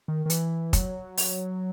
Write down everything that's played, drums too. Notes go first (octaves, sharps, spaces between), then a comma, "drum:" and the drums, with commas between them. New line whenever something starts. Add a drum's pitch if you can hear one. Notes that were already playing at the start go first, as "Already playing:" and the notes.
D#3
D#3
E3, drum: hi-hat
F#3, drum: kick, hi-hat
drum: open hi-hat